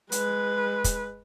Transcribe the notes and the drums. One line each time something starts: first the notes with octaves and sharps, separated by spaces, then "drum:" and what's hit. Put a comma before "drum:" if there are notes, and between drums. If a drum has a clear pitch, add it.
G#3 B4, drum: hi-hat
drum: kick, hi-hat